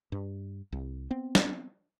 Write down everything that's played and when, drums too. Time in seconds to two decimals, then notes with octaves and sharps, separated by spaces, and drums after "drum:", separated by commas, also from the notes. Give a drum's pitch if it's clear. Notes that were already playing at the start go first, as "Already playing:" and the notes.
0.12 G2
0.72 C2
1.11 B3 C4
1.35 drum: snare